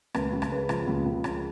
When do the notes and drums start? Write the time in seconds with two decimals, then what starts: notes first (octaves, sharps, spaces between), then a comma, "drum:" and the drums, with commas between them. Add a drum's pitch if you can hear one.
0.14 C#2 B4, drum: rim click
0.33 C#2
0.42 drum: rim click
0.51 C#3 B4
0.69 F3, drum: rim click
0.87 C#2
1.05 C#2
1.24 C#3, drum: rim click